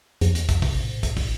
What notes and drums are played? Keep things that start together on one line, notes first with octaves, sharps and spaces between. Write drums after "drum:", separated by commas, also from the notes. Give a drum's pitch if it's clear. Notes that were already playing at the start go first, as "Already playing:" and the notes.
F2, drum: hi-hat
E2, drum: hi-hat
F2, drum: kick, hi-hat
C3, drum: kick, open hi-hat
A2
drum: kick, hi-hat
drum: kick, open hi-hat